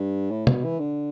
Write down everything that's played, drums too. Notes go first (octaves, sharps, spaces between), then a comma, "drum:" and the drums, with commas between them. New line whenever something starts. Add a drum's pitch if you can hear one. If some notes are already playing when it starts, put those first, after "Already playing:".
Already playing: G2
A2
B2, drum: tom
E3
D3